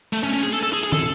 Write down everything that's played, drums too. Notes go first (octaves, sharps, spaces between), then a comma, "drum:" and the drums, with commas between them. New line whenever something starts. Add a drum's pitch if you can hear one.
A3, drum: hi-hat
C#4
C#4
G#4
A4
A4
G#4
G#4
A4, drum: tom